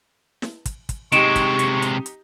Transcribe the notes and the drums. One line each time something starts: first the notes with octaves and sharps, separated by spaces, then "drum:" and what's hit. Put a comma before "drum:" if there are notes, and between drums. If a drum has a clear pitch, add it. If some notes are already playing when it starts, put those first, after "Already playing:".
drum: snare
drum: kick, hi-hat
drum: kick, hi-hat
C3 G#3 D#4 G4 C#6 D7 E7, drum: hi-hat
drum: kick, hi-hat
drum: hi-hat
drum: hi-hat
drum: hi-hat